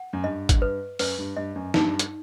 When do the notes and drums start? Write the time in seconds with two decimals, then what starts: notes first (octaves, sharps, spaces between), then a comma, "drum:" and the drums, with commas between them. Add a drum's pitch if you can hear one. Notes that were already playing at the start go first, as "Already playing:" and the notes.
Already playing: F#5
0.13 F#2
0.24 G2 D#5
0.49 drum: kick, hi-hat
0.62 B4
0.99 F#2 B4, drum: open hi-hat
1.18 G2
1.37 G2 D#5
1.56 F#2
1.74 G2 D#4, drum: snare
1.99 drum: hi-hat